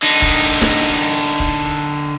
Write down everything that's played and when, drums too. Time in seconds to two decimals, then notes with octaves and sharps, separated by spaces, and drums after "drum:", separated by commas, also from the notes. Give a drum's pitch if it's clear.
0.02 D3 D#4
0.22 drum: kick
0.61 drum: snare
1.40 drum: kick